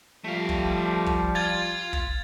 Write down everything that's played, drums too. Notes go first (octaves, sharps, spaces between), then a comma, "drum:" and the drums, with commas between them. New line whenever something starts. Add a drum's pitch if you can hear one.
F3 G3 A3 F5
drum: kick
drum: kick
F4 G#6 A6
drum: kick